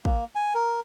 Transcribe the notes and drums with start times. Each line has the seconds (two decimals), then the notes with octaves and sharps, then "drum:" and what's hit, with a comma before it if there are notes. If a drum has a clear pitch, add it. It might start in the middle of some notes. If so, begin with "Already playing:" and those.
0.05 A#3, drum: kick
0.35 G#5
0.54 A#4